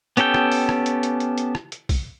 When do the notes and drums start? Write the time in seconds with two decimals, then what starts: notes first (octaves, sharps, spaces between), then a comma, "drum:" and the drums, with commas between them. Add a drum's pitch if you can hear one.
0.17 B3 C#4 G4 A4 G5, drum: hi-hat
0.34 drum: rim click
0.52 drum: open hi-hat
0.69 drum: rim click
0.86 drum: hi-hat
1.03 drum: hi-hat
1.20 drum: hi-hat
1.38 drum: hi-hat
1.55 drum: rim click
1.72 drum: hi-hat
1.89 drum: kick, open hi-hat